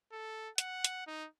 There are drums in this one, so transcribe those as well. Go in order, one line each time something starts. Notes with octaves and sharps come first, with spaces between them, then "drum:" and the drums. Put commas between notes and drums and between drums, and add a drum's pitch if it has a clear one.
A4
F#5, drum: hi-hat
drum: hi-hat
D#4